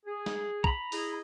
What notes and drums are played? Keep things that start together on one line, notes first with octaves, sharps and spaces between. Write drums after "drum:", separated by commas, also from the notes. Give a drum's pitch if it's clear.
G#4
drum: snare
A#5 B5, drum: kick
E4 G#4 D#5, drum: open hi-hat